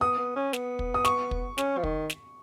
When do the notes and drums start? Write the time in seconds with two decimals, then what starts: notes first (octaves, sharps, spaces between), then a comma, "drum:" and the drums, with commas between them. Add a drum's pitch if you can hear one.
0.01 B3 D#6
0.18 B3
0.36 C#4
0.53 B3, drum: snare
0.79 drum: kick
0.94 D#6
1.05 C#6, drum: snare
1.31 drum: kick
1.58 C#4, drum: snare
1.78 F3
1.84 D#3, drum: kick
2.10 drum: snare